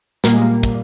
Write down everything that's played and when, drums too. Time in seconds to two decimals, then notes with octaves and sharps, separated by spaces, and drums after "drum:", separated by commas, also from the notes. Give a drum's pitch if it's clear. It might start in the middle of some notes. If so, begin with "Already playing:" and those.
0.24 A#2 G3 A#3, drum: snare
0.33 G#3
0.42 A#3
0.63 drum: kick, hi-hat